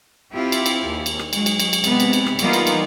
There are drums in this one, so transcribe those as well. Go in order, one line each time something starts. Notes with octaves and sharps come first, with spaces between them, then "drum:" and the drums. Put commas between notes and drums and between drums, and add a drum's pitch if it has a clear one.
C4 E4 F4 G4
drum: cymbal
drum: cymbal
D#2
drum: cymbal
drum: rim click
F#3 G#3, drum: cymbal
drum: cymbal
drum: cymbal
drum: cymbal
C3 G#3 B3, drum: cymbal
drum: cymbal
drum: cymbal
drum: rim click
E3 G3 A#3 B3 D#4 F4, drum: cymbal
drum: cymbal
drum: cymbal